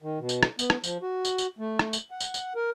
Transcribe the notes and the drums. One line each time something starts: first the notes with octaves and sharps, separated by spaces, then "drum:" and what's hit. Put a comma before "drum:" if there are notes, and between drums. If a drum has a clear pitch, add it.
D#3
B2
drum: tambourine
drum: rim click
B3, drum: tambourine
drum: rim click
F3, drum: tambourine
F#4
drum: tambourine
drum: tambourine
A3
drum: rim click
drum: tambourine
F#5
drum: tambourine
drum: tambourine
A#4